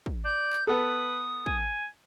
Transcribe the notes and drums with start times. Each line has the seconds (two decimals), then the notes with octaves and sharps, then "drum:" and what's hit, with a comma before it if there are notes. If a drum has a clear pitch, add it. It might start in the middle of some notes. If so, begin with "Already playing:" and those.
0.06 drum: kick
0.24 D5 G6
0.53 drum: clap
0.67 B3 A4 B4 D#6
1.46 G#5, drum: kick